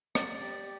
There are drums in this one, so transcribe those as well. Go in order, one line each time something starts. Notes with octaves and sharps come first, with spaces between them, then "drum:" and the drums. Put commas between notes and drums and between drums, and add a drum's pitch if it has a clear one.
D5, drum: rim click
G4